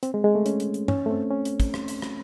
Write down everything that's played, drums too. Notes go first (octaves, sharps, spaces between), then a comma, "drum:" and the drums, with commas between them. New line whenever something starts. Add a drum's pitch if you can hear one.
C4, drum: hi-hat
G#3
G#3
A3
C#4, drum: hi-hat
drum: hi-hat
drum: hi-hat
C#4, drum: tom G2
A3
C4
C#4
drum: hi-hat
drum: kick, hi-hat
drum: rim click
drum: hi-hat
drum: rim click